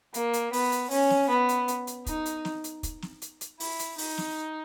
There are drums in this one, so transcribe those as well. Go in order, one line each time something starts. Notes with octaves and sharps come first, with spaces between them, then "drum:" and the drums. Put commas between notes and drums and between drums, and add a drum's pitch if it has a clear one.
A#3, drum: hi-hat
drum: hi-hat
B3, drum: open hi-hat
drum: hi-hat
C#4, drum: open hi-hat
drum: snare
B3
drum: hi-hat
drum: hi-hat
drum: hi-hat
D#4, drum: kick, hi-hat
drum: hi-hat
drum: snare
drum: hi-hat
drum: kick, hi-hat
drum: snare
drum: hi-hat
drum: hi-hat
E4, drum: open hi-hat
drum: hi-hat
D#4, drum: open hi-hat
drum: snare